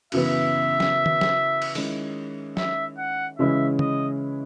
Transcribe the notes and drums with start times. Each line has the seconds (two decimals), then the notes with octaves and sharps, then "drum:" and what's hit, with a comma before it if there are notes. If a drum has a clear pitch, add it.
0.12 F#2 C#3 E3 B3 E5, drum: cymbal
0.80 drum: snare
1.06 drum: tom
1.21 drum: snare
1.62 drum: cymbal
1.75 D#3 G#3 C#4 E4, drum: open hi-hat
2.57 E5, drum: snare
2.98 F#5
3.38 C#3 E3 G#3 C#4 E4 E5
3.79 D#5, drum: tom